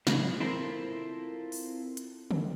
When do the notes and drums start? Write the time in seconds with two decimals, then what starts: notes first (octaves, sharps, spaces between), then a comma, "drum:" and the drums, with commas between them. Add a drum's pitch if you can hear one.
0.07 A2 C#3 E3 F#3 G#4, drum: snare
0.40 C4 E4 F4 A4 A#4 C5
1.52 drum: open hi-hat
1.97 drum: hi-hat
2.31 drum: tom D3